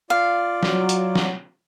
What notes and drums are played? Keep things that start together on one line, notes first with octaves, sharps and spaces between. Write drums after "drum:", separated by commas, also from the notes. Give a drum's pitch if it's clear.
F4 D5 F5
F#3, drum: snare
drum: hi-hat
drum: snare